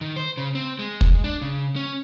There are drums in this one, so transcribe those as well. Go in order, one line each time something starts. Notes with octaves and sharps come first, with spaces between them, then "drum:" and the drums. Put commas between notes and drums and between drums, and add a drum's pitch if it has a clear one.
D#3
C5
C#3
C4
G#3
drum: kick
D4
C#3
C#4